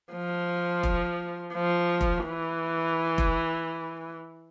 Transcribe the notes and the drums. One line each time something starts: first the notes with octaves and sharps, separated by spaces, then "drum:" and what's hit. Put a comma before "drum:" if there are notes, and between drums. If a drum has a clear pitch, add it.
F3
drum: kick F1
F3
drum: kick F1
E3
drum: kick F1